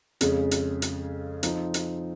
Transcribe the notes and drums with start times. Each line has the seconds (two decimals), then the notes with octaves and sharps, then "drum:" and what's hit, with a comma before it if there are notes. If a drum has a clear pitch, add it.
0.21 F2 C#3 G#3, drum: hi-hat
0.51 drum: hi-hat
0.82 drum: hi-hat
1.43 F3 C4 D#4, drum: hi-hat
1.74 drum: hi-hat